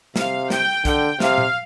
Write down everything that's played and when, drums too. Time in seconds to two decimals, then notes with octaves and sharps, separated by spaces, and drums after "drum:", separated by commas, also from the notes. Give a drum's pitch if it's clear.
0.16 C3 F5, drum: snare
0.50 G5, drum: snare
0.85 D3 G5, drum: kick, hi-hat
1.20 C3 F5, drum: snare
1.38 drum: tom A#2